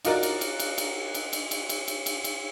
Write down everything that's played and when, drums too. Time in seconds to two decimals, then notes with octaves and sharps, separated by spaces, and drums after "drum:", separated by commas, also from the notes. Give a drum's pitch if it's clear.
0.05 D#4 F4 F#4 A#4 D5, drum: cymbal
0.23 drum: cymbal
0.41 drum: cymbal
0.60 drum: cymbal
0.78 drum: cymbal
1.14 drum: cymbal
1.33 drum: cymbal
1.51 drum: cymbal
1.69 drum: cymbal
1.88 drum: cymbal
2.06 drum: cymbal
2.24 drum: cymbal